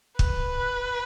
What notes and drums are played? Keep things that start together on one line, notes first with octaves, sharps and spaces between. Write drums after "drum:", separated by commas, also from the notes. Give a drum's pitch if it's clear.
B4, drum: kick